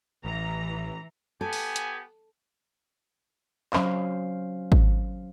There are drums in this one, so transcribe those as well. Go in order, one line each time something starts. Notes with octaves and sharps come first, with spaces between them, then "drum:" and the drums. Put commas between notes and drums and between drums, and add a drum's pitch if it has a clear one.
A1 E3 A#5
B3 G4 A4 G#5
drum: open hi-hat
drum: hi-hat
F#3 C#4 C5 F5, drum: clap
drum: kick G#1